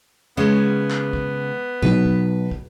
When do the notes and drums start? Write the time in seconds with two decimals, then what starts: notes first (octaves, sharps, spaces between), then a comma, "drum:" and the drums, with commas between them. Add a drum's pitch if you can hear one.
0.37 C#3 G#3 B3 C#4
0.90 drum: clap
1.13 drum: kick
1.82 B1 B4, drum: kick
2.05 drum: kick
2.51 drum: kick